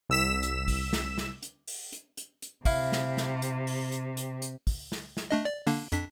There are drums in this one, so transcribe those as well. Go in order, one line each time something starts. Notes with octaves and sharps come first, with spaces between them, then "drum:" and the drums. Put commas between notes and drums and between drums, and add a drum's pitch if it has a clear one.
C2 E6 B6 E7
drum: hi-hat
drum: kick, open hi-hat
drum: snare
drum: snare
drum: hi-hat
drum: open hi-hat
drum: hi-hat
drum: hi-hat
drum: hi-hat
C3 E4 F5, drum: kick, open hi-hat
drum: snare
drum: snare
drum: hi-hat
drum: open hi-hat
drum: hi-hat
drum: hi-hat
drum: hi-hat
drum: kick, open hi-hat
drum: snare
drum: snare
A3 D4 D#5
D5
D3 A#3 D4, drum: open hi-hat
F2 D4 B6, drum: hi-hat